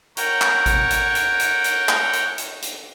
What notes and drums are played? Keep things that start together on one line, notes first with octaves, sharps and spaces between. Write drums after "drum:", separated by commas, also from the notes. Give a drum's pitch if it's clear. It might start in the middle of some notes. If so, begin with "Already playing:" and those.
A#4 C#5 F#5 G5, drum: hi-hat
drum: clap
drum: kick A1, hi-hat
drum: hi-hat
drum: hi-hat
drum: hi-hat
drum: hi-hat
drum: clap
drum: hi-hat
drum: hi-hat
drum: hi-hat